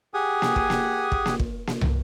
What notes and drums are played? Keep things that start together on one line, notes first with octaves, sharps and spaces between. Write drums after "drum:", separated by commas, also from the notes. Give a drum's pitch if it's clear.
G4 G#4 F#5 G#5 D#6
drum: snare A#3
drum: kick
drum: snare A#3
drum: kick
drum: snare A#3
drum: kick
drum: snare A#3
drum: tom